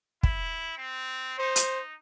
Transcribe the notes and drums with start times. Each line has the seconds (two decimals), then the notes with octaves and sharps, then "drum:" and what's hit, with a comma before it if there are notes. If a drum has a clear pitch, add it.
0.23 E4, drum: kick
0.77 C4
1.39 D#4 C5
1.56 drum: hi-hat